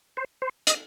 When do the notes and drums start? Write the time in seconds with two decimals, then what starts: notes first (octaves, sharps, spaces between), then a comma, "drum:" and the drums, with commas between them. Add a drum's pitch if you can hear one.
0.17 C5
0.42 C5
0.67 D#5, drum: hi-hat